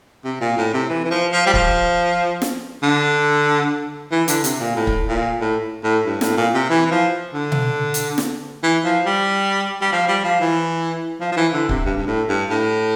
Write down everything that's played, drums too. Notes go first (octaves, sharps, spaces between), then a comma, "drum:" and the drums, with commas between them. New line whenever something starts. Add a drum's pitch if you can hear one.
C3
A#2
A2
C3
E3
E3
F3
F3
G3
F3, drum: kick
drum: snare
D3
E3
D3, drum: hi-hat
C3, drum: hi-hat
A#2
A2
drum: kick
A#2
A2
A2
G2
A2, drum: snare
A#2
C3
E3
E3
F3
D3
drum: tom B2
drum: hi-hat
drum: snare
E3
F3
G3
G3
F3
G3
F3
E3
F3
F3
E3
D3
C3, drum: kick
G2
G2
A2
G2
A2